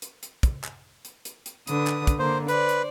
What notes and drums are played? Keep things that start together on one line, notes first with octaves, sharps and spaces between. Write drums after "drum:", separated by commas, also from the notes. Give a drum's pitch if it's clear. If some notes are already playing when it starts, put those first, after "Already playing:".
drum: hi-hat
drum: hi-hat
drum: kick, hi-hat
drum: clap
drum: hi-hat
drum: hi-hat
drum: hi-hat
D3 B4 D#6, drum: hi-hat
drum: clap
drum: kick, hi-hat
D3 A#3 C5
B4 C5 D5, drum: hi-hat
drum: hi-hat